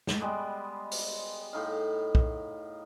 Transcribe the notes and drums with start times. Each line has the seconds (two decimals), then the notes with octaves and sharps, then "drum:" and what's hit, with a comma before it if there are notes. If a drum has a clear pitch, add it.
0.07 drum: snare
0.20 G3 G#3 B3 D6
0.91 drum: open hi-hat
1.53 A2 D#4 F5
2.15 drum: kick